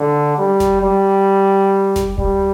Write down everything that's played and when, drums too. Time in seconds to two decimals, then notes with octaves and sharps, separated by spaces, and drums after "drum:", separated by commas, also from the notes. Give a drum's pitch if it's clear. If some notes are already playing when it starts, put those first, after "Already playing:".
Already playing: D3
0.38 G3
0.60 drum: snare F#1
0.82 G3
1.96 drum: snare F#1
2.18 G3, drum: kick D1